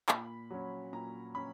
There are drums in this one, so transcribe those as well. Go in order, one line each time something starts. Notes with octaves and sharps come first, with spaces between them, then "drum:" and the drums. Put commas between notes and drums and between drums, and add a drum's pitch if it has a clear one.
A#2 B5, drum: clap
F#3 C#4
A#2 A#5
C#4 B5